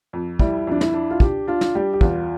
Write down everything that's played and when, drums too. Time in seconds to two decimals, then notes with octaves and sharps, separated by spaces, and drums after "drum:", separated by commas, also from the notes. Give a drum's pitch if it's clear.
0.13 F2
0.39 G3 E4, drum: kick
0.67 F2 D4
0.81 E4, drum: snare
0.94 D4
1.11 F4
1.20 D4 G4, drum: kick
1.47 D4 F4
1.61 drum: snare
1.75 G3 G4
1.93 G4
2.01 E2 F4, drum: kick